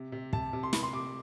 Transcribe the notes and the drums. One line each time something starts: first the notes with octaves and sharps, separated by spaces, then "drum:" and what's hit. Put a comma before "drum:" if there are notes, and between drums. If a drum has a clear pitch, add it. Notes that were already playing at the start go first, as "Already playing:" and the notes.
Already playing: C3
C3
C3 A5, drum: kick
C3
C6
C3 B5, drum: snare
C6
C3 D6